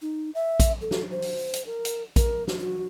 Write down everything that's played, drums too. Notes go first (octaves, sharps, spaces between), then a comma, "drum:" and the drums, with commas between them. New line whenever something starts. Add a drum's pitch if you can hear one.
D#4
E5
drum: kick A#1, hi-hat
A4
drum: snare
C5
drum: open hi-hat
drum: hi-hat
A#4
drum: hi-hat
A#4, drum: kick A#1, hi-hat
drum: snare
F#4